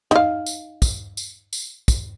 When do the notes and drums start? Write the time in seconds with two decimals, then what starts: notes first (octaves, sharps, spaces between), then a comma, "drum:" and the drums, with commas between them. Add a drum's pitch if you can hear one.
0.11 D#4 F5, drum: tom
0.46 drum: tambourine
0.82 drum: kick, tambourine
1.17 drum: tambourine
1.53 drum: tambourine
1.88 drum: kick, tambourine